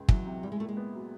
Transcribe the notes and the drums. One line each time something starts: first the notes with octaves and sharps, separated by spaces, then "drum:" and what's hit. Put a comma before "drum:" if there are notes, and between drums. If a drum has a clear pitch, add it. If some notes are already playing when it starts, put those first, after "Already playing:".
Already playing: C#2 G#3
E3 F#3, drum: kick
C3
G3 E4
G#3
A#2 A3
G#3
B3
F#3